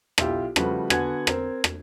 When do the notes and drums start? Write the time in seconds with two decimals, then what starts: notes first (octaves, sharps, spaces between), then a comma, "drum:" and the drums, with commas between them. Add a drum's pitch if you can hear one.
0.18 B1 E4 F4 G4, drum: rim click
0.56 C#3 F3 G3 A3 F#4 B4, drum: rim click
0.90 D3 B3 F#4 F#5 G#5 G#6, drum: rim click
1.27 C4 A#4, drum: rim click
1.64 drum: rim click